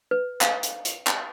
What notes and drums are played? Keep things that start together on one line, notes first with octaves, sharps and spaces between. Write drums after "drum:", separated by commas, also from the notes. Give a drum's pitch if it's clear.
B4
F5, drum: clap
drum: hi-hat
drum: hi-hat
drum: clap